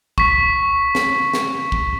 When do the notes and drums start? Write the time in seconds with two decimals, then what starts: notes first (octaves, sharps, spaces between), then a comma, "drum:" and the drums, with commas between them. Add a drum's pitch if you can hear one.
0.18 C#6 B6, drum: kick
0.95 drum: snare
1.34 drum: snare
1.72 drum: kick